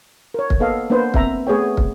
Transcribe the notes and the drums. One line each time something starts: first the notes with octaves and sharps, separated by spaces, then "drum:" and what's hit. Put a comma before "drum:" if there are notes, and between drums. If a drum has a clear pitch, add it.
A#4 C#5
drum: kick
A#3 B3 A4 D#5 F5
A#3 B3 D4 B4 C5
B3 C4 E5 A#5, drum: kick
A3 B3 G#4 B4 C#5 G5
drum: kick